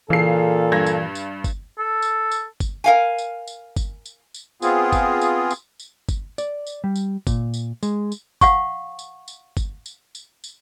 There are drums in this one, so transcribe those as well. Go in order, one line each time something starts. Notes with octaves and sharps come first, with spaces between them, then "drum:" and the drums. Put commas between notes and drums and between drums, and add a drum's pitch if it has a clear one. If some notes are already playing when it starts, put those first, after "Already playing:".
A#2 C#3 E3 A4 C7
G2 G#6 A#6
drum: tambourine
drum: tambourine
drum: kick G1, tambourine
A4
drum: tambourine
drum: tambourine
drum: kick G1, tambourine
A#4 F5 G#5
drum: tambourine
drum: tambourine
drum: kick G1, tambourine
drum: tambourine
drum: tambourine
B3 C4 F4 G#4, drum: tambourine
drum: kick G1, tambourine
drum: tambourine
drum: tambourine
drum: tambourine
drum: kick G1, tambourine
D5, drum: tambourine
drum: tambourine
G3
drum: tambourine
A#2, drum: kick G1, tambourine
drum: tambourine
G#3, drum: tambourine
drum: tambourine
F5 F#5 C#6, drum: kick G1, tambourine
drum: tambourine
drum: tambourine
drum: kick G1, tambourine
drum: tambourine
drum: tambourine
drum: tambourine